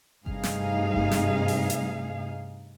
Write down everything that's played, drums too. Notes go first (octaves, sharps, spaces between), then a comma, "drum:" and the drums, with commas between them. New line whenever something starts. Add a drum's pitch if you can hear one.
G2 C3 A3 D#4 G#4 F5, drum: kick G1
drum: snare
drum: kick G1
drum: snare
drum: open hi-hat
drum: hi-hat